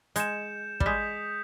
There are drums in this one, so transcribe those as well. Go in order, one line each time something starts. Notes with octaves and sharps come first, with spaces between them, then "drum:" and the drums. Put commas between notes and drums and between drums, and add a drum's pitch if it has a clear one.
G#3 G6 C#7 E7, drum: hi-hat
G3, drum: kick
G#3 D#6 G6 B6